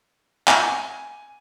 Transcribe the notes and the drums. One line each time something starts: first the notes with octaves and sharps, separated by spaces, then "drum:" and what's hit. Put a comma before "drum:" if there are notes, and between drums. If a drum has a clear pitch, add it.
G#5, drum: clap